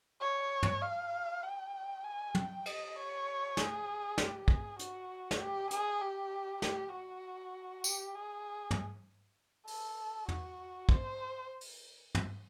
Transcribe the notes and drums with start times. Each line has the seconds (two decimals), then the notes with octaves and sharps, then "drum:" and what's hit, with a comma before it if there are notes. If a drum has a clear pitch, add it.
0.21 C#5
0.63 drum: tom
0.82 F5
1.43 G5
2.04 G#5
2.35 G5, drum: tom
2.66 D#5, drum: cymbal
2.96 C#5
3.57 G#4, drum: snare
4.18 G4, drum: snare
4.48 G#4, drum: kick
4.79 F#4, drum: hi-hat
5.31 drum: snare
5.40 G4
5.71 G#4, drum: hi-hat
6.01 G4
6.62 G4, drum: snare
6.92 F#4
7.84 G4, drum: tambourine
8.14 G#4
8.71 drum: tom
9.67 A4, drum: open hi-hat
10.28 F#4, drum: tom
10.89 C5, drum: kick
11.61 drum: open hi-hat
12.15 drum: tom